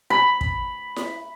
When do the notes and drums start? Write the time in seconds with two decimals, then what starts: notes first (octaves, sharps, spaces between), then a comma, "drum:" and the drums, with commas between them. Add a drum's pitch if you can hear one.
0.10 B5
0.41 drum: kick
0.96 drum: snare E4